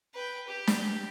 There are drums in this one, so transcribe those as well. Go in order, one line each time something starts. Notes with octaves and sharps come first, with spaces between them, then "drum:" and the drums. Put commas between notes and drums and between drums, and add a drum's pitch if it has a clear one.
B4 G5
G4
drum: snare